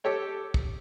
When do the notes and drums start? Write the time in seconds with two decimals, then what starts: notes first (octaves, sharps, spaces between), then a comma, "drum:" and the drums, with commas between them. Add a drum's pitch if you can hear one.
0.04 G4 A4 C#5 G5
0.54 drum: kick